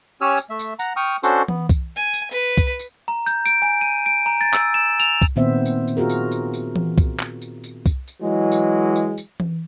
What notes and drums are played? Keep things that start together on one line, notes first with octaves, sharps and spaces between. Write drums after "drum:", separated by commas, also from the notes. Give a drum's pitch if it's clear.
C#4 G4 C#5 G#5 E6 F6
drum: tambourine
A3 E5
drum: tambourine
F#5 A#5, drum: tambourine
G5 C#6 D#6 F6
C#4 D4 F#4 A4 C5 C6, drum: tambourine
B3, drum: tom E3
drum: kick C2, tambourine
G#5
drum: tambourine
B4
drum: kick C2, tambourine
drum: tambourine
A#5
G6, drum: tambourine
D7, drum: tambourine
G#5
D#7
D7
A#5
A6
E6, drum: clap
E7
F7, drum: tambourine
drum: kick C2, tambourine
A#2 D#3 B3 C4 C5 E5
drum: tambourine
drum: tambourine
F4 F#4 G#4 A#4
drum: tambourine
drum: tambourine
drum: tambourine
drum: tom E3
drum: kick C2, tambourine
drum: clap
drum: tambourine
drum: tambourine
drum: kick C2, tambourine
drum: tambourine
E3 F#3 G#3
drum: tambourine
drum: tambourine
drum: tambourine
drum: tom E3